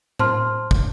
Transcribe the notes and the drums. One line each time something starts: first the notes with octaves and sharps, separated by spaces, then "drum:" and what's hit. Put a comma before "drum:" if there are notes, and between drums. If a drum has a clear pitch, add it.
C5 A5 C6 F6, drum: tom A2
drum: kick